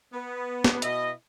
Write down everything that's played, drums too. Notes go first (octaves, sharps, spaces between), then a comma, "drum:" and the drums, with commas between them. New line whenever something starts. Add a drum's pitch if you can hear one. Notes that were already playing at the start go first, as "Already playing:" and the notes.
B3
drum: snare
B2 E4 D#5, drum: hi-hat